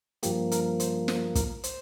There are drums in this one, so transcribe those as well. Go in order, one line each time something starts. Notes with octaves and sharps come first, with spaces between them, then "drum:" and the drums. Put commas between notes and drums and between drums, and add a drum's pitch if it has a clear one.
G2 F3 A#3 G4, drum: hi-hat
A#4, drum: hi-hat
C5, drum: hi-hat
C5, drum: snare
A#4, drum: kick, hi-hat
C5, drum: hi-hat